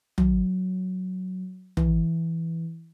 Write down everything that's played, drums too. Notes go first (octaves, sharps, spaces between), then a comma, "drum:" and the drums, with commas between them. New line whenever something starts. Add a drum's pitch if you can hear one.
F#3, drum: tom
E3, drum: tom